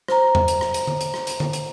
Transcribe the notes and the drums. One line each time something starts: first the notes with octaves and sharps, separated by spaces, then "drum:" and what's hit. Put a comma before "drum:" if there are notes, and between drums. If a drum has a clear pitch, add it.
C5 A#5, drum: rim click
drum: tom E2
drum: hi-hat
drum: rim click
drum: hi-hat
drum: tom D3
drum: hi-hat
drum: rim click
drum: hi-hat
drum: tom D3
drum: hi-hat